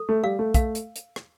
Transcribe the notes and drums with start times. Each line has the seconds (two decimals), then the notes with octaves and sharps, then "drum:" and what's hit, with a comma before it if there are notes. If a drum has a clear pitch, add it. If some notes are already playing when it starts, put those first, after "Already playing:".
Already playing: A4
0.09 A3
0.23 G3 F5
0.39 A3
0.54 A3 F5, drum: kick, hi-hat
0.75 drum: hi-hat
0.96 drum: hi-hat
1.16 drum: rim click